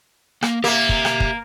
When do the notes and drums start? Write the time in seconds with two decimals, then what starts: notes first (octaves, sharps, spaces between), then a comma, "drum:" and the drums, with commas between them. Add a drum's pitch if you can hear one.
0.43 A#3, drum: rim click
0.64 A#3 G4 E5
0.89 drum: kick
1.05 drum: rim click
1.20 drum: kick